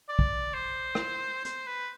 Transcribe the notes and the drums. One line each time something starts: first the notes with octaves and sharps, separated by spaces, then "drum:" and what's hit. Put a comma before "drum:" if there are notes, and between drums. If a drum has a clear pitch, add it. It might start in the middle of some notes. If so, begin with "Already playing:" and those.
D5
drum: kick
C5
drum: rim click
C5, drum: hi-hat
B4